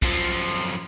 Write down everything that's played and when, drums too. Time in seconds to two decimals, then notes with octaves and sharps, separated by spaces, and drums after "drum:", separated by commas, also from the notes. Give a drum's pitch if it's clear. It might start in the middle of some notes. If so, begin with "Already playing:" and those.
0.02 F#2 F3, drum: kick